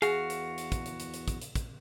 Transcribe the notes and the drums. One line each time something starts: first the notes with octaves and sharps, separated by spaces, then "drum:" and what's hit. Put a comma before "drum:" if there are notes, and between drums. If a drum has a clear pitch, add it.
E2 F#4 G#4 F5, drum: hi-hat
drum: hi-hat
drum: hi-hat
drum: kick, hi-hat
drum: hi-hat
drum: hi-hat
drum: hi-hat
drum: kick, hi-hat
drum: hi-hat
drum: kick, hi-hat